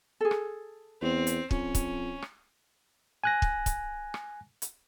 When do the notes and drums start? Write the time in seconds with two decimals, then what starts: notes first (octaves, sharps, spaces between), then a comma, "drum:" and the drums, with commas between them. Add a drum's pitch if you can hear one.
0.21 G#4 A4
0.31 drum: rim click
1.02 E2 C4
1.27 drum: hi-hat
1.51 F2 C#4, drum: kick
1.75 drum: kick, hi-hat
2.22 drum: rim click
3.24 G#5 F#6 A#6
3.42 drum: kick
3.66 drum: kick, hi-hat
4.14 drum: rim click
4.62 drum: hi-hat